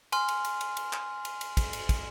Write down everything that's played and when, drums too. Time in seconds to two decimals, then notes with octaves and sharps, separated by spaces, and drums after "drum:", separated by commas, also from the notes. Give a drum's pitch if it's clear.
0.12 G#5 C6 F6, drum: cymbal
0.28 drum: cymbal
0.45 drum: cymbal
0.61 drum: cymbal
0.77 drum: cymbal
0.93 drum: clap
1.25 drum: cymbal
1.41 drum: cymbal
1.57 drum: kick, cymbal
1.73 drum: cymbal
1.89 drum: kick, cymbal